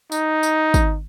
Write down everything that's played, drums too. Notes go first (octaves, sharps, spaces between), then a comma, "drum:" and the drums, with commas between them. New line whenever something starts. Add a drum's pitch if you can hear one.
D#4, drum: tambourine
drum: tambourine
drum: kick, tambourine